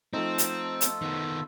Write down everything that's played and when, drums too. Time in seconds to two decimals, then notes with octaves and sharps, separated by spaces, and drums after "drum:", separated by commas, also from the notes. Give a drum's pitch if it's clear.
0.13 F3 A3 C4 D#4 F4 A4
0.38 drum: hi-hat
0.81 drum: hi-hat
1.02 D#3 B3